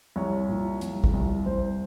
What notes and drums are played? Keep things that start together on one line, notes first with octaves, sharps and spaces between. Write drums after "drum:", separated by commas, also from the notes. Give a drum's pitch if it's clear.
C2 C#5
A#2
C2, drum: hi-hat
drum: kick
C2
C2 C5